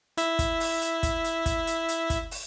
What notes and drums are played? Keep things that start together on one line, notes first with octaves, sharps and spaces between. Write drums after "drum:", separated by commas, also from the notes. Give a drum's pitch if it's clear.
E4 E5, drum: hi-hat
drum: kick, hi-hat
drum: open hi-hat
drum: hi-hat
drum: kick, hi-hat
drum: hi-hat
drum: kick, hi-hat
drum: hi-hat
drum: hi-hat
drum: kick, hi-hat
drum: open hi-hat